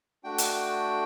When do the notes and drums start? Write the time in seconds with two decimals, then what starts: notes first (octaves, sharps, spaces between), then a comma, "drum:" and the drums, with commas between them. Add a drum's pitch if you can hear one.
0.24 A3 D4 F#4 G5
0.38 drum: hi-hat